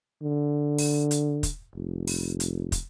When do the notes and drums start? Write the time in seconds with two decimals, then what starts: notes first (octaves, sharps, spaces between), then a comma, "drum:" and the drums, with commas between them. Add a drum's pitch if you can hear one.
0.23 D3
0.78 drum: open hi-hat
1.11 drum: hi-hat
1.43 drum: kick, hi-hat
1.75 F1
2.07 drum: open hi-hat
2.40 drum: hi-hat
2.72 drum: kick, hi-hat